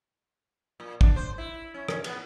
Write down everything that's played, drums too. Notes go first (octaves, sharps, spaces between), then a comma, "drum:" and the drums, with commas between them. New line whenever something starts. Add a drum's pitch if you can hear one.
A#2
D4, drum: kick
C5
E4
C#4
C#4, drum: rim click
B3, drum: cymbal